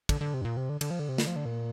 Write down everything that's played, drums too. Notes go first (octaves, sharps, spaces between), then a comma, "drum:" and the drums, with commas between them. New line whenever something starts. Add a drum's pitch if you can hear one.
D3, drum: kick, cymbal
D3
C3
G2
A#2
C3
D3
D3, drum: cymbal
F3
D3
C3
D3, drum: snare
F3
D3
A#2